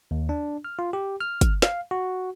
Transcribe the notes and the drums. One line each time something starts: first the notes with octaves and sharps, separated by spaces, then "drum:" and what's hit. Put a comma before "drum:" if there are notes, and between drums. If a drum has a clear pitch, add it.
D#2
D4
F6
F4
G4
F6
drum: kick, hi-hat
F5, drum: snare
F#4